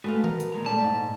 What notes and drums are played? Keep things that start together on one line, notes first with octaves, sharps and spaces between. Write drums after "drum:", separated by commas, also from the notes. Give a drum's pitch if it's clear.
G#3 A3 F#4 A4 B4 F5
A#4, drum: tom D#3
drum: hi-hat
A#2 G#3 A#5
G3 A3 D5 A5
G#2